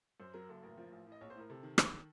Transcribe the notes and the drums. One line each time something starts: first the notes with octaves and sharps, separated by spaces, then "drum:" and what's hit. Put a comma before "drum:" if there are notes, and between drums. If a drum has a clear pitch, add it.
F#2 C5
F#3 A#4
F#1 A4
A1 A#4
F3
A1
A2
D#5
A#1 C#5
C5
A2 A#4
C3 A4
D#3
D#3, drum: rim click